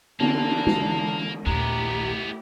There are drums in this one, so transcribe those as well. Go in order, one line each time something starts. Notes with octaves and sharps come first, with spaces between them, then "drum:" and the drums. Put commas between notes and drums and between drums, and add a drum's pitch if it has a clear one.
D3 E3 A#3 A5, drum: cymbal
drum: tom G#3
A#1 D#2 G#3 A3 B3 E4 G4 A#5